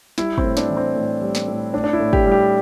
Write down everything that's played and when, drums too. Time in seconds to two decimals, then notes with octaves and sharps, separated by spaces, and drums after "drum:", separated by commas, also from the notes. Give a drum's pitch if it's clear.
0.18 G3 E4, drum: snare
0.38 C4, drum: kick
0.44 A2
0.57 D4, drum: snare
0.70 E3
0.77 C4
0.96 A2
1.22 G3
1.35 drum: snare
1.48 A2
1.73 A2 D4
1.84 D4
1.93 E4
2.00 A2
2.13 G4, drum: kick
2.26 G3
2.32 G4